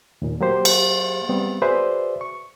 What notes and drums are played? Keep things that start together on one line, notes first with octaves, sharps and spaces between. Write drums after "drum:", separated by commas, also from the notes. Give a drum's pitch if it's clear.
D#2 A#2
F#3 A#3 G4 C5
drum: cymbal
G3 B3 C4
F#4 G#4 B4 C5 D5 E5
C#6